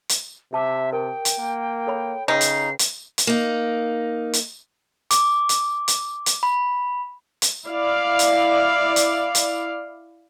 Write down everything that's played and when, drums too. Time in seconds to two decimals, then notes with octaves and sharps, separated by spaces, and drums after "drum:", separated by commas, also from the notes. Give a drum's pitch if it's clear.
0.09 drum: hi-hat
0.53 C3 G4 E5 A5 D6
0.93 A#4 G5
1.25 drum: hi-hat
1.39 A#3
1.87 A4 C#5 B5
2.28 C#3 D#4 B4 G5 B5 C7
2.41 drum: hi-hat
2.79 drum: hi-hat
3.18 drum: hi-hat
3.27 A#3 D#4
4.33 drum: hi-hat
5.11 D6, drum: hi-hat
5.49 drum: hi-hat
5.88 drum: hi-hat
6.26 drum: hi-hat
6.43 B5
7.42 drum: hi-hat
7.66 E4 D5 F5
8.19 drum: hi-hat
8.96 drum: hi-hat
9.35 drum: hi-hat